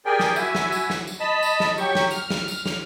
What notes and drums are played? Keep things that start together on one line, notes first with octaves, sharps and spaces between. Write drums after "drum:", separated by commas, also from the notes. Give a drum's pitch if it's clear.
G4 G#4 A#4 D5 G5 G#5
drum: snare
E4 F#4 E5 G#5, drum: tambourine
drum: snare
drum: tambourine
drum: snare
drum: tambourine
D#5 A5 B5
drum: tambourine
drum: snare
F#3 G4 C#6, drum: tambourine
drum: snare
F6, drum: tambourine
drum: snare
drum: tambourine
drum: snare